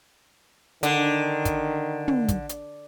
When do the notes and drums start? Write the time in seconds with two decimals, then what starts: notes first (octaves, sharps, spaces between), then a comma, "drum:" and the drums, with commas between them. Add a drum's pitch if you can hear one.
0.83 D3 D#3, drum: hi-hat
1.45 drum: kick, hi-hat
2.08 drum: tom
2.28 drum: kick, hi-hat
2.49 drum: hi-hat